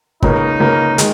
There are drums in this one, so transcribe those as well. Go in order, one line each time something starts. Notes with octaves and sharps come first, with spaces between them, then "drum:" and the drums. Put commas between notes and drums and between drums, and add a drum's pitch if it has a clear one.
C#2 C#3 A#3 C#4 D#4, drum: kick
C#2 C#3 A#3 C#4
D#3 G#3, drum: hi-hat